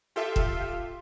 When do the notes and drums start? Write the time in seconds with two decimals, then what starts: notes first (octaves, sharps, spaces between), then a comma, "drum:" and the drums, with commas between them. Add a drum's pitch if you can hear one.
0.16 F4 G4 A4 E5
0.36 drum: kick